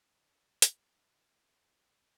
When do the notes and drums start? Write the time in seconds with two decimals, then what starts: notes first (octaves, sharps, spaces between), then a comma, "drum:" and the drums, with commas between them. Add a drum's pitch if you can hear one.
0.22 F3 F#3 D5
0.62 B4, drum: hi-hat
1.86 C4